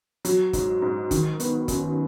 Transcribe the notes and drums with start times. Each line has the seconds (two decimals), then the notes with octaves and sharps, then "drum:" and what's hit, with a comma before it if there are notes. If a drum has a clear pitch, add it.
0.25 F#3, drum: hi-hat
0.53 G#2, drum: kick, hi-hat
0.82 G#2
1.11 D#3, drum: kick, hi-hat
1.40 B3, drum: hi-hat
1.68 F#2, drum: kick, hi-hat